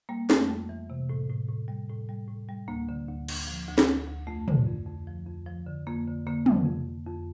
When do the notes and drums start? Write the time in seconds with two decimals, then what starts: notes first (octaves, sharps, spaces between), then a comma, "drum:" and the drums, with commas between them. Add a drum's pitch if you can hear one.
0.09 G3 A#3
0.30 F2 A3, drum: snare
0.49 G3
0.69 E3
0.90 C3
1.10 A2
1.29 A2
1.48 A2
1.68 G3
1.89 A2
2.09 G3
2.28 A2
2.49 G3
2.68 D2 A#3
2.89 D3
3.08 D2
3.28 D2, drum: cymbal
3.47 F3
3.68 D2
3.78 drum: snare
3.88 D2
4.07 D2
4.27 F2 A3
4.48 D3, drum: tom
4.67 F2
4.86 F2
5.07 F3
5.26 F2
5.46 F3
5.67 D3
5.87 F2 A#3
6.07 D3
6.26 D3 A#3
6.46 F2, drum: tom
6.66 F2
6.87 F2
7.07 F2